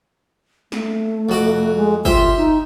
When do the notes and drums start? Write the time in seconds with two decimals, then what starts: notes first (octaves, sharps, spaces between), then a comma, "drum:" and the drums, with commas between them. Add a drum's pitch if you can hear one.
0.72 A3, drum: snare
1.29 F2 F#4 D6
1.76 G#3
2.05 F4 G4 C5 E5, drum: kick
2.37 D#4